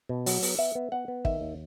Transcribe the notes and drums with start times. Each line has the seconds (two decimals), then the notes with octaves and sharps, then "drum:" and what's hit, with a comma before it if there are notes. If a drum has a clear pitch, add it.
0.09 B2
0.26 F#3, drum: open hi-hat
0.42 B3, drum: open hi-hat
0.58 B3 E5
0.75 B3
0.92 B3 F#5
1.08 B3
1.25 D#3 E5, drum: kick
1.41 D#2